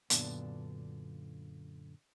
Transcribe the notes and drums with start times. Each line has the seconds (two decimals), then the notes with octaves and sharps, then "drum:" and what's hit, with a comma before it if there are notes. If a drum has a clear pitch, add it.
0.10 F#2 A#2 D3 B3 D4, drum: hi-hat